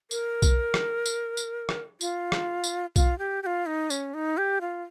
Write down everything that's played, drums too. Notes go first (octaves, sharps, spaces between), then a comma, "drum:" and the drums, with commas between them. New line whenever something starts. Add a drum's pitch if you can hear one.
A#4, drum: tambourine
drum: kick B1, tambourine
drum: rim click
drum: tambourine
drum: tambourine
drum: rim click
F4, drum: tambourine
drum: rim click
drum: tambourine
F4, drum: kick B1, tambourine
G4
G4
F4
D#4
C#4, drum: tambourine
D#4
G4
F4